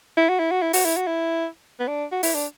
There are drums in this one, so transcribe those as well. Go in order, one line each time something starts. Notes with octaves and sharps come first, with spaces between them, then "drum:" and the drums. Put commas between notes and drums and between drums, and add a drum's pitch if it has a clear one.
E4
F#4
E4
F#4
E4
F#4, drum: open hi-hat
E4
F#4
E4
B3
D4
F#4
E4, drum: open hi-hat
D4